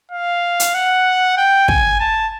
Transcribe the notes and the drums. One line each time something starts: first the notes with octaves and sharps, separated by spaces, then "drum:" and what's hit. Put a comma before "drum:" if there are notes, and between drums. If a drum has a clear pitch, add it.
F5
drum: hi-hat
F#5
G5
G#5, drum: kick
A5